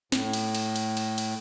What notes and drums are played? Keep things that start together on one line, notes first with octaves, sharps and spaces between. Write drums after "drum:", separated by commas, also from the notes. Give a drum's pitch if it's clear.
A2, drum: snare
drum: cymbal
drum: cymbal
drum: cymbal
drum: cymbal
drum: cymbal